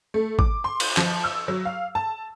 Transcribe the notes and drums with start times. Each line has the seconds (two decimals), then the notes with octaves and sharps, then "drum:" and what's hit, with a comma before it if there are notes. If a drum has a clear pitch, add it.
0.14 A3
0.39 D6, drum: kick
0.64 C6
0.80 drum: cymbal
0.97 F3, drum: clap
1.24 E6
1.48 F#3
1.65 F5
1.95 A5